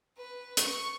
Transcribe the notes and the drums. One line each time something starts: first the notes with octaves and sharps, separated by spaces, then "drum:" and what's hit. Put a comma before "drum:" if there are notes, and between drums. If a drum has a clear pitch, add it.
B4
C#6, drum: hi-hat